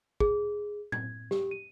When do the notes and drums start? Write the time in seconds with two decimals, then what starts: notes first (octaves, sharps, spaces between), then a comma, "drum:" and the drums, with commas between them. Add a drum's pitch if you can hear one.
0.20 G#4, drum: kick
0.92 G#6, drum: tom A2
1.31 G4, drum: snare
1.51 D#7